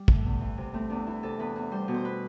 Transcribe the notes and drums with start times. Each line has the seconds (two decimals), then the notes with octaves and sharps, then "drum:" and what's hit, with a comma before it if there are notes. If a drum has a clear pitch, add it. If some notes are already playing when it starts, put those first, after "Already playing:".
Already playing: G3
0.08 A3, drum: kick
0.25 E2
0.41 E3
0.58 C3
0.74 A3 C4
0.90 E2 D4
1.07 E3 E4
1.23 C3 A4
1.39 E2 B4
1.56 E2
1.71 G3 C5
1.88 B2
1.94 C5
2.05 B4